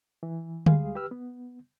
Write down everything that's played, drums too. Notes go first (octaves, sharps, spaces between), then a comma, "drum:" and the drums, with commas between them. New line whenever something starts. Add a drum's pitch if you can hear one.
E3
D2 G3 G#3 G#4 F5, drum: tom D3
G4 B4 E6 F6
B3